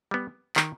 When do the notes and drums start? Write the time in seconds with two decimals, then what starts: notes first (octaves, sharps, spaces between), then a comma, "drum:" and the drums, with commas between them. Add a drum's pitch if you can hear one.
0.11 G3 B3
0.56 D#3, drum: clap